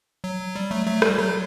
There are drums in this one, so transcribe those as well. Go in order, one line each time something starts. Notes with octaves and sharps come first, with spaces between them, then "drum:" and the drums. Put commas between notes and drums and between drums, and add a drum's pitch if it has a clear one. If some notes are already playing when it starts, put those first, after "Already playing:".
F#3
G3
F#3 A3
F#3 A3
G3, drum: rim click
F#3